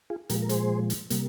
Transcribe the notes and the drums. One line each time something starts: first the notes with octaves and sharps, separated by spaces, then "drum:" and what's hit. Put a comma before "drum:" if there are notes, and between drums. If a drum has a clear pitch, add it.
F4 G#4
A#2 F3 G#3 G4 A#4, drum: hi-hat
A#4
G#4 C5, drum: hi-hat
drum: hi-hat
C3 G3 A#3, drum: hi-hat